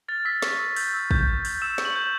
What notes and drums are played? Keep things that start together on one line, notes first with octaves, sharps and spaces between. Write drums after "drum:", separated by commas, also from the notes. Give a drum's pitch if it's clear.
F6 A6
E6 B6
C#6, drum: snare
E6
G6, drum: open hi-hat
E6
G6, drum: kick
G6
G6, drum: open hi-hat
E6 E7
C#6, drum: snare
F#7
G6